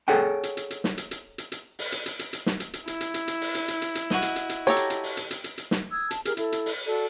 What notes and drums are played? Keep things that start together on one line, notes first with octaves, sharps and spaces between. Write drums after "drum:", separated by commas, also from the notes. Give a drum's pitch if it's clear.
G#4 A4 C#5 F#5 G5
drum: hi-hat
drum: hi-hat
drum: hi-hat
drum: snare
drum: hi-hat
drum: hi-hat
drum: hi-hat
drum: hi-hat
drum: open hi-hat
drum: hi-hat
drum: hi-hat
drum: hi-hat
drum: hi-hat
drum: snare
drum: hi-hat
drum: hi-hat
E4, drum: hi-hat
drum: hi-hat
drum: hi-hat
drum: hi-hat
drum: open hi-hat
drum: hi-hat
drum: hi-hat
drum: hi-hat
drum: hi-hat
F#4 D#5, drum: snare
drum: hi-hat
drum: hi-hat
drum: hi-hat
G4 A4 C#5 A#5 C#6
drum: hi-hat
drum: hi-hat
drum: open hi-hat
drum: hi-hat
drum: hi-hat
drum: hi-hat
drum: hi-hat
drum: snare
D#6 E6 G#6
A5, drum: hi-hat
G4 G#4 A#4 F6, drum: hi-hat
E4 A4, drum: hi-hat
drum: hi-hat
drum: open hi-hat
F#4 A4 D5